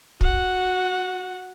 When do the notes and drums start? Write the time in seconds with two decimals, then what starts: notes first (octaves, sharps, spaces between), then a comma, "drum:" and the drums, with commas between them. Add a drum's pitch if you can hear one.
0.21 F#4 F#5, drum: kick